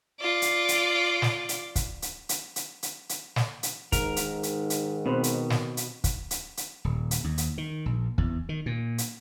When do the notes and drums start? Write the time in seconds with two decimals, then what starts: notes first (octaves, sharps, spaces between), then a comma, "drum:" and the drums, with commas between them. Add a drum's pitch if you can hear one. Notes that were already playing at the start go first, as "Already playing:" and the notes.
0.21 F4 D5
0.42 drum: hi-hat
0.68 drum: hi-hat
1.22 drum: snare
1.49 drum: hi-hat
1.76 drum: kick, hi-hat
2.02 drum: hi-hat
2.29 drum: hi-hat
2.56 drum: hi-hat
2.83 drum: hi-hat
3.09 drum: hi-hat
3.36 drum: snare
3.63 drum: hi-hat
3.92 G#2 D#3 A#4, drum: kick, hi-hat
4.16 drum: hi-hat
4.43 drum: hi-hat
4.70 drum: hi-hat
5.06 B2 C4 B4 C5
5.24 drum: hi-hat
5.50 drum: snare
5.77 drum: hi-hat
6.04 drum: kick, hi-hat
6.31 drum: hi-hat
6.57 drum: hi-hat
6.84 D#1
7.11 drum: hi-hat
7.24 D#2
7.38 drum: hi-hat
7.58 D#3
7.86 A#1
8.18 E2, drum: kick
8.49 D#3
8.66 A#2
8.98 drum: hi-hat